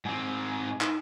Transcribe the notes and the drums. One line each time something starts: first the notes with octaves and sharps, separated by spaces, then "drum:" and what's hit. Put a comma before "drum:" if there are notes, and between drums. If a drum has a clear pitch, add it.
G#2 C4 G#5
D#4, drum: clap